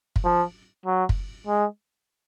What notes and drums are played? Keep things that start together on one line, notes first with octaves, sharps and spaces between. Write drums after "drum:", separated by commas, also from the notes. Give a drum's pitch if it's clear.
drum: kick
F3
F#3
drum: kick
G#3